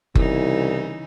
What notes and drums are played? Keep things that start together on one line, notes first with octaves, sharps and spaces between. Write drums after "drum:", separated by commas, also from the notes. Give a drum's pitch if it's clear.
C2 C#3 E3 D#4, drum: kick F#1